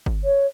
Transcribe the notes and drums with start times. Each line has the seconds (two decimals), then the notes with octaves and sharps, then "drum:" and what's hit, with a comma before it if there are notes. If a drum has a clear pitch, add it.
0.06 drum: kick G1
0.24 C#5